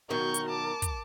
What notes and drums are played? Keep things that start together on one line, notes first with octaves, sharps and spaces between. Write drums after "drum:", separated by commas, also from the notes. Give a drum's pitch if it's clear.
B2 D#3 F#3 A#4 C#6 G6
drum: hi-hat
A5 D6
drum: kick, hi-hat